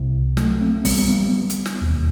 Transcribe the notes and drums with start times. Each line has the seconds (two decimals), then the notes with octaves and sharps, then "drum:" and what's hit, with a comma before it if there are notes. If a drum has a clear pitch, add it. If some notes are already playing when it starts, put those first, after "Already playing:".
Already playing: C2 C3
0.37 F#3 A3, drum: snare
0.61 A3 C4
0.85 G3 B3, drum: kick, open hi-hat
0.98 G3 B3
1.09 G3 B3
1.21 G3 B3
1.50 drum: hi-hat
1.66 drum: snare
1.82 E1 D#2